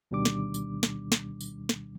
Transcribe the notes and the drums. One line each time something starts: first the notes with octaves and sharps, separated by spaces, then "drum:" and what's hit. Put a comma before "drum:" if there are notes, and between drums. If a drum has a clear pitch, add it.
D2 B2 D#3 G3 D4 D6
drum: snare
drum: tambourine
drum: snare
drum: snare
drum: tambourine
drum: snare